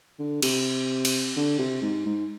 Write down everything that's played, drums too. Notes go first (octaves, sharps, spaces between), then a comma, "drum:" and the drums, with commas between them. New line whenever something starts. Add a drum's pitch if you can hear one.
D3
C3, drum: cymbal
drum: cymbal
D3
C3
G#2
G#2